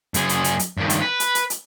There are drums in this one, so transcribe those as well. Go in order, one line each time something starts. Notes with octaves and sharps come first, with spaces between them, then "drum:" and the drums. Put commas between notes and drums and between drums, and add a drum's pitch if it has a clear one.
F#2 G#4, drum: hi-hat
drum: hi-hat
drum: hi-hat
drum: hi-hat
G2 D#3
drum: hi-hat
B4
drum: hi-hat
drum: hi-hat
drum: hi-hat